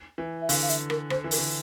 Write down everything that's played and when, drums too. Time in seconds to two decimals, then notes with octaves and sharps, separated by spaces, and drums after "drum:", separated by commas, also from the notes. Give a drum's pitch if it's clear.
0.18 E3
0.42 E5
0.49 D3 F5, drum: open hi-hat
0.62 F5
0.69 E5, drum: hi-hat
0.90 A#4, drum: rim click
1.10 D3 C5, drum: rim click
1.24 E3
1.31 A#4, drum: open hi-hat
1.38 D3